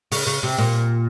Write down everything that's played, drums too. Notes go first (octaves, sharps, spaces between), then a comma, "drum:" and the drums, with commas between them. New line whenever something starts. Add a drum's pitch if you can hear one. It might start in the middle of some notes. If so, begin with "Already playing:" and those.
C#3, drum: open hi-hat
C#3
C3
A#2